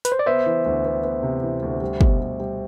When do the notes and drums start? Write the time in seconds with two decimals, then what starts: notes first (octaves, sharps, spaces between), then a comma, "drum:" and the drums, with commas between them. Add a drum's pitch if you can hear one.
0.05 B4, drum: hi-hat
0.12 C5
0.19 D5
0.26 B3 C5 E5
0.46 E3
0.65 D2
0.84 B3
1.03 B3
1.23 C3
1.43 E3
1.62 D2
1.81 G3
2.01 B2, drum: kick
2.20 G3
2.40 G3